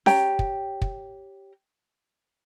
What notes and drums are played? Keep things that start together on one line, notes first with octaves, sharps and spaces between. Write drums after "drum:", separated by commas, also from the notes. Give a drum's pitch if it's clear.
G4 C#5 G5 A#5, drum: snare C#4
drum: kick
drum: kick